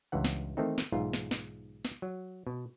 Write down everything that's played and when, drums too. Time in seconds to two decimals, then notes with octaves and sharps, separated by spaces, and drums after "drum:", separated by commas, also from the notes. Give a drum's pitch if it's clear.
0.12 C#2 G2 E3 F#5
0.24 drum: snare
0.57 D#3 E3 A3 C4 D#4
0.78 drum: snare
0.92 B1 G#2 E3 F4
1.13 drum: snare
1.31 drum: snare
1.85 drum: snare
2.02 F#3
2.47 B2